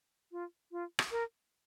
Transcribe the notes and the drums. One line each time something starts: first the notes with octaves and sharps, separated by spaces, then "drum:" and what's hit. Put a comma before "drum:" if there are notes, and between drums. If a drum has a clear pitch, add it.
F4
F4
drum: rim click
A#4